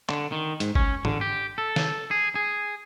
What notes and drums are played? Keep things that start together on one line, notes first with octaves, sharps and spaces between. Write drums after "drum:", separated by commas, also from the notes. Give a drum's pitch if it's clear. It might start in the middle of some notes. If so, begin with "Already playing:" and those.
D3, drum: clap
D#3
G#2, drum: hi-hat
C#4, drum: kick G1
D3, drum: tom G#2
G4
A4
drum: snare
G#4
G#4